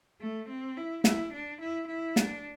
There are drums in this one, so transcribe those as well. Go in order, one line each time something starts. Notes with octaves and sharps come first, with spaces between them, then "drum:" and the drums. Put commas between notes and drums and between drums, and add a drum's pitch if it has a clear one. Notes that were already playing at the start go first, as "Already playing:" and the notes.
A3
C4
E4
E4, drum: snare
D4
E4
E4
D4, drum: snare